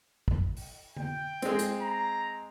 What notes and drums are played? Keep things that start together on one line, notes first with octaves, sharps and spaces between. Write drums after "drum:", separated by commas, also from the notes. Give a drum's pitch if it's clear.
drum: kick
drum: open hi-hat
G5, drum: tom D3
G#3 C4, drum: hi-hat
drum: hi-hat
A#5